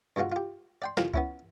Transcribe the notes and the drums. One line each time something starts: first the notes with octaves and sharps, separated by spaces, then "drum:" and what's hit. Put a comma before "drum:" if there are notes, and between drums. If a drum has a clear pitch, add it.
G2 B2 G#3 F4 F#4
F4 G4
D5 G5 C6
C2 F2 C4 F4 A#4, drum: snare
B3 C#4 E4, drum: kick C#2